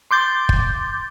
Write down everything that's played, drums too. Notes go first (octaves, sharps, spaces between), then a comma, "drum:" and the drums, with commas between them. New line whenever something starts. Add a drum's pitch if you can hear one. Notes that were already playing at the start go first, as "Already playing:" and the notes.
C6 D6 G6 A6
drum: kick